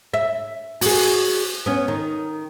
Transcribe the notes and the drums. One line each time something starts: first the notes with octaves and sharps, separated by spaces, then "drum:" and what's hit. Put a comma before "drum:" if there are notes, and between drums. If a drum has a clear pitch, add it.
E5
F#4 G#4, drum: open hi-hat
B3 C#4
D#3